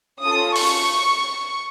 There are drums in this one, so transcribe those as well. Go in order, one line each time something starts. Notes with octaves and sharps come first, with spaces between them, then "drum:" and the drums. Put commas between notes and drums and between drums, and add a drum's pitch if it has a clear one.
C#4 F4 A4 D#6
C#6, drum: open hi-hat